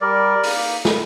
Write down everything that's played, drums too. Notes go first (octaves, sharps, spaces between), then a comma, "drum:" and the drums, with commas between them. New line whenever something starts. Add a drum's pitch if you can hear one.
G3 A#4 D5
A#3 D#4, drum: open hi-hat
G3, drum: snare